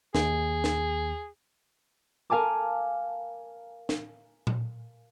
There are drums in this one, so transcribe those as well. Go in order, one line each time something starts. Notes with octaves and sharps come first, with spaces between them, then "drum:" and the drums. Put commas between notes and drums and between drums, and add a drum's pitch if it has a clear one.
D#2 G#4, drum: snare
drum: snare
A#4 F5 G#5 A5 D6
drum: snare
drum: tom A#2